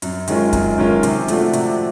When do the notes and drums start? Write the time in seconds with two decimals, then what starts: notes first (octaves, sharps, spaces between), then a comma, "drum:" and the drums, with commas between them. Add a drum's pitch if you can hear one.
0.02 F#2, drum: hi-hat
0.28 D#3 G#3 C#4 F4, drum: hi-hat
0.53 F#2, drum: kick, hi-hat
0.78 D#3 G#3 C#4 F4
1.03 C3, drum: hi-hat
1.28 F3 A3 D4 F#4, drum: hi-hat
1.53 C3, drum: hi-hat